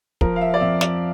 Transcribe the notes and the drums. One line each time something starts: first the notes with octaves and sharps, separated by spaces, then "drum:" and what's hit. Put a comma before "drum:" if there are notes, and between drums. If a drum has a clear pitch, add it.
F3 A#4, drum: kick
F5
E5
D5
F2 E5
D5, drum: snare